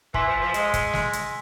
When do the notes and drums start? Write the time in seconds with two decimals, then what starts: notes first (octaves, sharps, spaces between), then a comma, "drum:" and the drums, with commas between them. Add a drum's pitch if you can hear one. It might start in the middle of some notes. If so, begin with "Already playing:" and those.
0.14 E3 G#5 C6 E6 B6, drum: kick
0.27 F3
0.41 F3
0.54 G#3, drum: hi-hat
0.74 drum: kick, hi-hat
0.93 drum: snare
1.13 drum: hi-hat